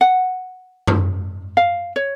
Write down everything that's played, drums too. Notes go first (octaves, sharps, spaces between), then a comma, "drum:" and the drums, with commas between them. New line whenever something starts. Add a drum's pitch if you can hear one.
F#5
drum: tom F#2
F5
C#5